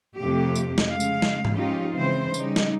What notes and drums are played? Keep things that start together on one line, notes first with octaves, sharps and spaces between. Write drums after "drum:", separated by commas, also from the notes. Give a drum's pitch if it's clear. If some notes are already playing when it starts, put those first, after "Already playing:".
F2 C3 A3 G4
drum: tambourine
drum: snare
C#3 G#3 F5
drum: tambourine
drum: snare
drum: tom G#2
F3 G#3 C#4 D#4 F4 G4
C#3 E3 G#3 C4 C5
C#3 G3 D#4, drum: tambourine
drum: snare